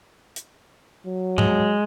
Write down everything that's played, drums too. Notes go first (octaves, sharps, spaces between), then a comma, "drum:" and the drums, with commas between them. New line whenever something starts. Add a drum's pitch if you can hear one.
drum: hi-hat
F#3
G#3, drum: tom G#2